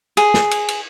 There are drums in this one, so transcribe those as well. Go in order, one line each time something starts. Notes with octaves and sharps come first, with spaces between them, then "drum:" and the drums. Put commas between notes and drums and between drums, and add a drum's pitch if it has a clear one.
G#4, drum: cymbal
drum: snare
drum: cymbal
drum: cymbal